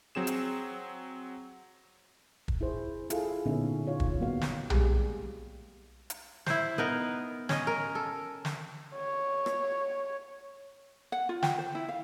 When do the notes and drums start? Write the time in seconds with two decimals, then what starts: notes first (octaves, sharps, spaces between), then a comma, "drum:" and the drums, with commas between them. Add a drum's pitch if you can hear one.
0.15 F#3 C4 G#4 E7
0.27 drum: hi-hat
2.48 drum: kick
2.61 E4 G#4 C5
3.10 E4 F4 G#4 A4 F5, drum: hi-hat
3.46 A#2 D3 B3 C#4 D#4 E5
3.87 F4 C#5 F5
4.00 drum: kick
4.20 F#3 G3 A#3 B3 F#4 F5
4.41 drum: snare
4.70 G3 G#3 G4 G#4, drum: tom B1
6.10 drum: hi-hat
6.46 E4 C5, drum: snare
6.78 B3 D#4 A#4
7.49 C#4 D#5, drum: snare
7.67 A#4
7.95 A4
8.45 drum: snare
8.96 C#5
9.46 drum: rim click
11.12 F#5
11.29 F4
11.43 G5, drum: snare
11.58 C5
11.75 E4
11.89 F5